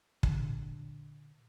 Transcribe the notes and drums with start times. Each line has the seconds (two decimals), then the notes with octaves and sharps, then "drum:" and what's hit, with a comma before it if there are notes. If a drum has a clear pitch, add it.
0.23 A#2 D3 D4, drum: kick